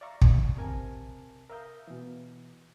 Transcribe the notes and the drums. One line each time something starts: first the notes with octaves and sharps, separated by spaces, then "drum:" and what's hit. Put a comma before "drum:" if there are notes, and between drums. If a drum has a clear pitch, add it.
D5 E5 F5 A#5 C#6
D#3, drum: kick
C3 A#4 G#5 A5
A#4 E5 F5 D#6 G6
B2 E3